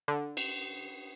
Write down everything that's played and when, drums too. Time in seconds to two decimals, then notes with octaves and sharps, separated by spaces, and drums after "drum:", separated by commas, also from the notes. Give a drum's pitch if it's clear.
0.08 D3
0.37 drum: cymbal